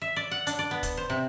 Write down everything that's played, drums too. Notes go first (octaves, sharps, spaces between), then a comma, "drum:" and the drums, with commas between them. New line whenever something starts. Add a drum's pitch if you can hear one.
E5
D5
F#5
D4, drum: hi-hat
D5
B3
drum: kick, hi-hat
C5
C3